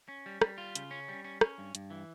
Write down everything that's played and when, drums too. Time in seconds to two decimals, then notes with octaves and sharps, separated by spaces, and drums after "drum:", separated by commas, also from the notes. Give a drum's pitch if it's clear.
0.08 C#4
0.26 G3
0.41 G3, drum: rim click
0.58 F4
0.76 C#3, drum: hi-hat
0.91 C#4
1.09 G3
1.24 C#4
1.41 C#4, drum: rim click
1.58 G2
1.75 G2, drum: hi-hat
1.90 E3